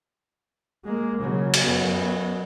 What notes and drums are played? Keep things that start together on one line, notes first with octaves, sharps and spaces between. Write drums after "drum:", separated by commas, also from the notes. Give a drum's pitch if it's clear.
G#3 A#3
C#3 F#3
drum: cymbal
F#2 B3